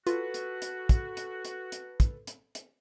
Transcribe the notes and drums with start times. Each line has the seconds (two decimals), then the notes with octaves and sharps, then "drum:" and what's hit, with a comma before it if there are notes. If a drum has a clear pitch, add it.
0.07 F4 F#4 A4 B4, drum: hi-hat
0.34 drum: hi-hat
0.62 drum: hi-hat
0.89 drum: kick, hi-hat
1.17 drum: hi-hat
1.45 drum: hi-hat
1.72 drum: hi-hat
2.00 drum: kick, hi-hat
2.27 drum: hi-hat
2.55 drum: hi-hat